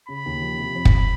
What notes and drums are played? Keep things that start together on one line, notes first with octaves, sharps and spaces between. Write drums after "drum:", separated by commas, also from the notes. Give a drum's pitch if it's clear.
C#3 B5
D#2
F3
C3
F2
drum: kick